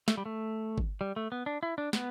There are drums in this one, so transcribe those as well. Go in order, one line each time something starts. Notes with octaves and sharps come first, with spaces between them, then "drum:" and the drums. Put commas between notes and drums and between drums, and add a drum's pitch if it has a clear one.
A3, drum: snare
G3
A3
drum: kick G1
G3
A3
B3
D4
E4
D4
B3, drum: snare